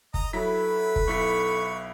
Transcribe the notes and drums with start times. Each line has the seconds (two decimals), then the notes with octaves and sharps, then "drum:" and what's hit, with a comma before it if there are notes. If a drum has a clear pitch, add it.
0.14 D#5 A#5, drum: kick
0.33 F#3 E4 A4 B4 B5 B6
0.96 drum: kick
1.08 B1 E4 A4 C#6 B6